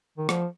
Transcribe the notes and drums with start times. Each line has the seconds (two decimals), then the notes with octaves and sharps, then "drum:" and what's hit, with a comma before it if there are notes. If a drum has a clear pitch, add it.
0.18 D#3
0.29 F3, drum: rim click